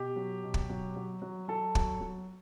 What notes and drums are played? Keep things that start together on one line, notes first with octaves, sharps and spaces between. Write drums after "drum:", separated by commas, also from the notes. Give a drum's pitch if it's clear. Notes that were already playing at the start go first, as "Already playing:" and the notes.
Already playing: B2 G4
F#3
B2
drum: kick
F#3
F#3
F#3
F#3 A4
F#3, drum: kick
F#3